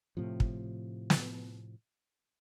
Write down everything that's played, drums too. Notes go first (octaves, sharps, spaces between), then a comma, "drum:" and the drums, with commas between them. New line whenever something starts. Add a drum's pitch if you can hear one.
A2 C3 F3
drum: kick
drum: snare